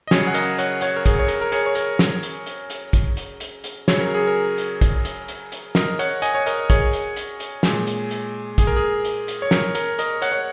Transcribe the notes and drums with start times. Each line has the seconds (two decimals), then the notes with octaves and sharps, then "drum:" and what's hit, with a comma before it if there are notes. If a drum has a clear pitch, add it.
0.07 D#5
0.11 C#3 F#3 G#4 C#5, drum: snare
0.27 F#5
0.34 A#4 D#5, drum: hi-hat
0.59 C#5 F#5, drum: hi-hat
0.81 C#5 F#5, drum: hi-hat
0.97 A#4
1.06 G#4, drum: kick, hi-hat
1.19 C#5
1.28 A#4, drum: hi-hat
1.41 A#4
1.52 G#4 C#5, drum: hi-hat
1.66 C#5
1.75 A#4, drum: hi-hat
1.99 drum: snare
2.23 drum: hi-hat
2.46 drum: hi-hat
2.70 drum: hi-hat
2.93 drum: kick, hi-hat
3.17 drum: hi-hat
3.40 drum: hi-hat
3.64 drum: hi-hat
3.88 C#3 F#3 C#5, drum: snare
4.01 A#4
4.15 G#4
4.27 A#4
4.58 drum: hi-hat
4.81 drum: kick, hi-hat
5.05 drum: hi-hat
5.28 drum: hi-hat
5.52 drum: hi-hat
5.75 A#4 D#5, drum: snare
5.99 C#5 F#5, drum: hi-hat
6.22 D#5 G#5, drum: hi-hat
6.35 C#5
6.46 A#4 D#5, drum: hi-hat
6.70 G#4 C#5, drum: kick, hi-hat
6.93 drum: hi-hat
7.17 drum: hi-hat
7.40 drum: hi-hat
7.63 A#2 G#3, drum: snare
7.87 drum: hi-hat
8.11 drum: hi-hat
8.58 G#4, drum: kick, hi-hat
8.67 A#4
8.77 G#4
9.05 drum: hi-hat
9.28 drum: hi-hat
9.42 C#5
9.51 A#4, drum: snare
9.75 A#4, drum: hi-hat
9.99 A#4 D#5, drum: hi-hat
10.22 C#5 F#5, drum: hi-hat
10.32 C#5